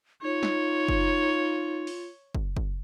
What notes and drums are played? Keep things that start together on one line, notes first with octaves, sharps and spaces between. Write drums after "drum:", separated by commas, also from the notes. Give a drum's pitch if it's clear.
D#4 F4 C#5
drum: snare
drum: kick
drum: open hi-hat
drum: kick
drum: kick